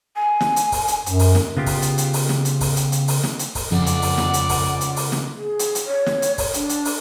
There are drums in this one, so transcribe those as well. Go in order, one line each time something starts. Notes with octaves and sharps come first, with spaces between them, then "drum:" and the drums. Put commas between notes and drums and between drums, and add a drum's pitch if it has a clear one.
G#5
drum: snare
drum: hi-hat
drum: kick, open hi-hat
drum: hi-hat
F#2, drum: hi-hat
drum: open hi-hat
drum: snare
C#3 B3 F4 G4
drum: kick, open hi-hat
drum: hi-hat
drum: hi-hat
drum: open hi-hat
drum: snare
drum: hi-hat
drum: kick, open hi-hat
drum: hi-hat
drum: hi-hat
drum: open hi-hat
drum: snare
drum: hi-hat
drum: kick, open hi-hat
F2 C#3 F4 D5 F#5
drum: hi-hat
drum: open hi-hat
drum: snare
drum: hi-hat
drum: kick, open hi-hat
drum: hi-hat
drum: open hi-hat
drum: snare
G#4
drum: hi-hat
drum: hi-hat
C#5
drum: snare
drum: hi-hat
drum: kick, open hi-hat
D4, drum: hi-hat
drum: hi-hat
drum: open hi-hat